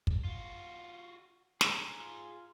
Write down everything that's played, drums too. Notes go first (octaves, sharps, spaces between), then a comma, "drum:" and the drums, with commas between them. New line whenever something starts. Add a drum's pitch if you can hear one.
drum: kick
F4 F#4
G#4 A#5, drum: snare
F4 C6